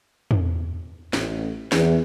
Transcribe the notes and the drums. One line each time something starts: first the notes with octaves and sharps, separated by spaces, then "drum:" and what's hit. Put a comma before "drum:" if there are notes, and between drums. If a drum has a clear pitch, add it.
drum: tom
A1, drum: snare
E2, drum: snare